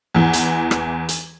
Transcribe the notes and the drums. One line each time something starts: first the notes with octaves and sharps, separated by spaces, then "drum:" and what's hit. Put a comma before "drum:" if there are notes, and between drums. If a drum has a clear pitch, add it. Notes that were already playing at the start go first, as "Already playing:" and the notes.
E2 E3
drum: hi-hat
drum: rim click
drum: hi-hat